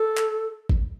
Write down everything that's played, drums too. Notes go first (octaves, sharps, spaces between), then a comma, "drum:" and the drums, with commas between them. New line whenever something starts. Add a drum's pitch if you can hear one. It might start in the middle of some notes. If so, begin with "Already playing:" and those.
Already playing: A4
drum: clap
drum: kick G#1